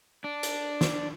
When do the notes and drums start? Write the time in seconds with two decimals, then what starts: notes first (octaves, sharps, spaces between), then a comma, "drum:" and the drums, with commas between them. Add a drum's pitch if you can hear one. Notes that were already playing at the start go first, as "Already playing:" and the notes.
0.24 D4
0.43 drum: hi-hat
0.81 drum: snare